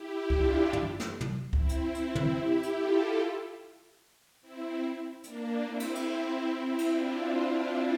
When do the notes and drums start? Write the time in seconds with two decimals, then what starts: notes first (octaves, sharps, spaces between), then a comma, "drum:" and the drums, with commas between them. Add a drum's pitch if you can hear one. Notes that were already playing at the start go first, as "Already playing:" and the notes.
Already playing: E4 G4
0.30 D4 F4, drum: kick C#2
0.73 drum: tom
1.00 drum: snare
1.21 drum: tom
1.53 C4 E4, drum: kick C#2
1.69 drum: hi-hat
1.95 C4 E4, drum: hi-hat
2.15 drum: tom
2.36 E4 G4
2.63 drum: hi-hat
2.77 F4 A4
4.41 C4 E4
5.24 A#3 D4, drum: hi-hat
5.65 C4 E4
5.80 drum: cymbal
5.95 drum: cymbal
6.47 C4 E4
6.79 drum: cymbal
6.88 D4 F4